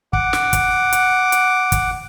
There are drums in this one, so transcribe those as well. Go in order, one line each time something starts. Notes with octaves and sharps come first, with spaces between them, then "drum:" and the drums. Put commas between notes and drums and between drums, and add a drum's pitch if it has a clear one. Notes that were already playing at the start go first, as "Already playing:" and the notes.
F#5 D6, drum: kick
drum: snare
drum: kick, hi-hat
drum: hi-hat
drum: hi-hat
drum: kick, hi-hat